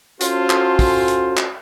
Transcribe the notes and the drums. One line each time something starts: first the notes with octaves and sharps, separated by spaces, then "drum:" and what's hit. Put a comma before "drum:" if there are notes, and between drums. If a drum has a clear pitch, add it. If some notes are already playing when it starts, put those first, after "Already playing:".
C#4 F4 F#4 A4 C5, drum: hi-hat
drum: clap
drum: kick, open hi-hat
drum: hi-hat
drum: clap